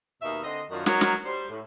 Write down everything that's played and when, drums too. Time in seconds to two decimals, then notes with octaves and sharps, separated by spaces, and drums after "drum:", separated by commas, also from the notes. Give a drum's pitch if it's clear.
0.22 D#2 B2 A#3 D#4 E5
0.44 D3 C4 D#5
0.71 F#2 D#3 D4 F4 F#4
0.86 F#3 D#4 A#4, drum: snare
1.01 drum: snare
1.25 G3 C5
1.49 A2